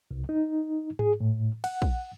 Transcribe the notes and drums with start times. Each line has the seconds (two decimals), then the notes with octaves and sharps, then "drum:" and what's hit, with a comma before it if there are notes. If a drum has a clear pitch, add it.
0.11 C2
0.29 D#4
0.99 G#4, drum: tom G#2
1.20 A2
1.64 F#5, drum: cymbal
1.82 drum: kick